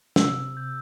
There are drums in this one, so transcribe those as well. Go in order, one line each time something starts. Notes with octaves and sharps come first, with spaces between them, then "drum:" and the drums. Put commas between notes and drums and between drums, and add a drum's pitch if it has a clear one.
C3 E6, drum: snare
G6